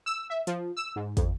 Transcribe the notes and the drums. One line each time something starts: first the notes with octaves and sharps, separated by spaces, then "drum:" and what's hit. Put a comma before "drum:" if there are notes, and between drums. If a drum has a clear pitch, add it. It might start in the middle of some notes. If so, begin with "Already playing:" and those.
E6
E5
F3, drum: hi-hat
E6
G#2
F2, drum: kick, hi-hat